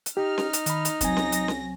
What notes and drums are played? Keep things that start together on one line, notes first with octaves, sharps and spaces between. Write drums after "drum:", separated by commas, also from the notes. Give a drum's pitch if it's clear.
drum: hi-hat
D#4 G4 F6
drum: snare C#4
drum: hi-hat
D#3 B5, drum: hi-hat
drum: hi-hat
C2 F#3 C4 G#5 A#6, drum: kick, hi-hat
drum: snare C#4
drum: hi-hat
drum: snare C#4